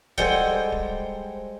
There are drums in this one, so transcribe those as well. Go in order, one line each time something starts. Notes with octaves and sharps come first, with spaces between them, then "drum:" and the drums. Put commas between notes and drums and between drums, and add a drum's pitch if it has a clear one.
G3 G#3 A4 C5 F#5 G5, drum: kick D1
drum: kick D1